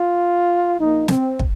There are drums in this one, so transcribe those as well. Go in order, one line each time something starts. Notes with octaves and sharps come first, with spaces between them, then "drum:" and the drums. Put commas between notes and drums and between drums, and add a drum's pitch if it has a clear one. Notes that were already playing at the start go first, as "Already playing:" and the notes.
Already playing: F4
A#1 A#2 A#3 D#4
C4, drum: snare
drum: kick